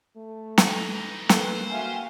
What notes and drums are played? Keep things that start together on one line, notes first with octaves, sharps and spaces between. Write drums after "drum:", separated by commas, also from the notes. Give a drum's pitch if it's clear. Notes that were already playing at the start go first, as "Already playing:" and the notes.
A3
drum: snare
E3 D#4
A#3 A4 B4 C5, drum: snare
F#4 E5 F5 G5 G#5